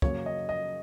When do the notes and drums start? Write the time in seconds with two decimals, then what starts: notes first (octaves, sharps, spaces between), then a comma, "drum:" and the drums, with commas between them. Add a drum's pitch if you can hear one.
0.02 F#2 C#3 F#3 A#3 C#5, drum: kick
0.26 D#5
0.49 D#5